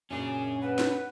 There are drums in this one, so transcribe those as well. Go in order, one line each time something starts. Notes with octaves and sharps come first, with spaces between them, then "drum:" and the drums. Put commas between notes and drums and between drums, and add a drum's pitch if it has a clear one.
F#2 A#2 C#4 D4 G#4 G#5
B4 F#5
drum: snare D4